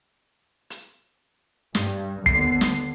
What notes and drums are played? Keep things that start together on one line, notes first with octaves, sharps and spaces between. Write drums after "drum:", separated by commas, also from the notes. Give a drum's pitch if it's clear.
drum: hi-hat
G2, drum: snare
D#2 D3 B3 C7, drum: kick
drum: snare